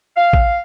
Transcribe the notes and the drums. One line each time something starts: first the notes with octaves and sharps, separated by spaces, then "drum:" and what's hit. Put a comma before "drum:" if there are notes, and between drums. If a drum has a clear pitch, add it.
F5
drum: kick